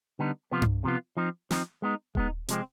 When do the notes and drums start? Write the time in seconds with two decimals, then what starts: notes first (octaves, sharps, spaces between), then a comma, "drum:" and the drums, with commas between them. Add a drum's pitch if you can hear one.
0.19 D3 G3 B3 D#4
0.51 C3 F3 B3 F4
0.62 drum: tom G2
0.84 C3 F3 B3 F4
1.17 F3 C4 D#4
1.51 F3 C4 D#4, drum: snare
1.82 G#3 B3 D#4
2.15 G#3 B3 D#4, drum: kick D#1
2.48 C3 F3 G#3 C4, drum: hi-hat